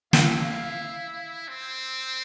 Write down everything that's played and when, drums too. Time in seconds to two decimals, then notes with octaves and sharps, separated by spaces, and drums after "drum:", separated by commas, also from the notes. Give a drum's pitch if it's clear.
0.13 E4 F5, drum: snare
0.47 F5
1.48 C4